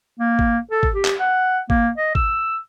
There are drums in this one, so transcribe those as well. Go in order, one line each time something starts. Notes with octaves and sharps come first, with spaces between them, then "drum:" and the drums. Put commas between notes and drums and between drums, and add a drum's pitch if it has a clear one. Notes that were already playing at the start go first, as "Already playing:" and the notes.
A#3
drum: kick G#1
A4
drum: kick G#1
G4
drum: clap
F#5
A#3, drum: kick G#1
D#5
E6, drum: kick G#1